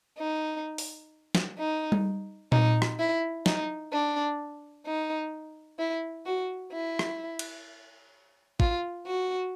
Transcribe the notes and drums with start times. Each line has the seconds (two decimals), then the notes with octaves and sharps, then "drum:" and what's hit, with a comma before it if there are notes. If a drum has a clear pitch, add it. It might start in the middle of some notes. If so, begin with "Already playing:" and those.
0.18 D#4
0.78 drum: open hi-hat
1.35 drum: snare
1.59 D#4
1.92 drum: tom G3
2.52 D#4, drum: tom A#2
2.82 drum: rim click
2.99 E4
3.46 D#4, drum: snare
3.92 D4
4.86 D#4
5.79 E4
6.26 F#4
6.73 E4
6.99 drum: rim click
7.39 drum: cymbal
8.60 F4, drum: kick
9.07 F#4